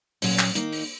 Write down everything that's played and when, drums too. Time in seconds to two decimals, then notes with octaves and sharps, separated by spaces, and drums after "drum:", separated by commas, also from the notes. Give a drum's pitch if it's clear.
0.22 A#2 F#3 C#4 F#4, drum: open hi-hat
0.39 drum: clap
0.55 D#3 A#3 D#4, drum: hi-hat
0.72 drum: open hi-hat